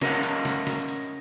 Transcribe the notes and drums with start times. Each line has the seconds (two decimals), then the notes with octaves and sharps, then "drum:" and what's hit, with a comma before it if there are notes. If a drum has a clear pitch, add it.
0.01 C#4 A#4 D#5 F5 F#5, drum: snare
0.23 drum: hi-hat
0.45 drum: snare
0.67 drum: snare
0.89 drum: hi-hat